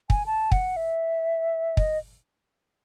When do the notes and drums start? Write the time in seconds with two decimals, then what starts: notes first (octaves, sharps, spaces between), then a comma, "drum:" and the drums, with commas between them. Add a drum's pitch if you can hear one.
0.10 G#5, drum: kick
0.26 A5
0.52 F#5, drum: kick
0.76 E5
1.77 D#5, drum: kick